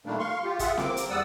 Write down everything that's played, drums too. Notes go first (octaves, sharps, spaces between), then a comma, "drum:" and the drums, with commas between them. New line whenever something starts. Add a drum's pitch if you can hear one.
A#2 D#3 G3 A3 A#3 D4
F5 C6 C#6
F4 G4
F4 G#4 E5 F#5, drum: kick, hi-hat
A#3 C4 D6, drum: snare C4
drum: hi-hat
E2 G3 D5 F#5 D#6 E6